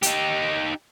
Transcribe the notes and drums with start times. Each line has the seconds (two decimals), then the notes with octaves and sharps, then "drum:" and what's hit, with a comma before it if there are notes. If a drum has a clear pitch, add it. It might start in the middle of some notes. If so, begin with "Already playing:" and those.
0.03 D#4 G4, drum: hi-hat